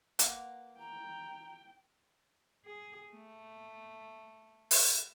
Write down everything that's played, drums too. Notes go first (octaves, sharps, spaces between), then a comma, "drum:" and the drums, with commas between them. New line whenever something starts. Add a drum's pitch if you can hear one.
A#3 F4 B4 F#5, drum: hi-hat
G5 A#5
G#4
A3
drum: open hi-hat